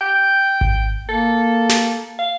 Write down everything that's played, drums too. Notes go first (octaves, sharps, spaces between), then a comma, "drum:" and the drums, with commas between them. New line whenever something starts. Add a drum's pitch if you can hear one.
G5
drum: kick G#1
A#3 A4
drum: snare
F5